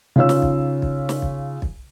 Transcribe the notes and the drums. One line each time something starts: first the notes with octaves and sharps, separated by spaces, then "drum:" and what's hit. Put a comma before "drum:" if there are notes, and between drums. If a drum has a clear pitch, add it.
C#3 D#4 F4 C#5 E6
drum: snare
drum: kick
drum: kick
drum: snare
drum: kick
drum: kick